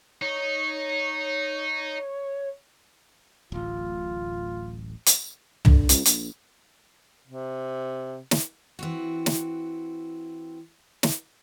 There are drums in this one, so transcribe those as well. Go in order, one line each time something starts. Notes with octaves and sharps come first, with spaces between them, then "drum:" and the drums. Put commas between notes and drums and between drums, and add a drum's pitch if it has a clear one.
D#4 C#5
D1 A1 F4
drum: hi-hat
D3, drum: tom
C#2, drum: hi-hat
A#1, drum: hi-hat
C3
drum: snare
E3 C4 F#4
drum: snare
drum: snare